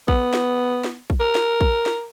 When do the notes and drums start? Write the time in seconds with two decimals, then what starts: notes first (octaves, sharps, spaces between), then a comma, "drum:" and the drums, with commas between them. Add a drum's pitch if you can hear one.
0.08 B3, drum: kick
0.34 drum: snare
0.84 drum: snare
1.10 drum: kick
1.20 A#4
1.35 drum: snare
1.61 drum: kick
1.86 drum: snare